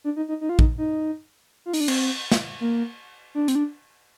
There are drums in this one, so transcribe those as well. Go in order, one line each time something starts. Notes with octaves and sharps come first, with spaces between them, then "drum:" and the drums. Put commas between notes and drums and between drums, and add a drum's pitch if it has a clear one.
D4
D#4
D#4
D#4
F4
D#4, drum: kick
D#4
F4
D#4, drum: open hi-hat
D4
C4, drum: cymbal
drum: snare
A#3
D4
C4, drum: hi-hat
D4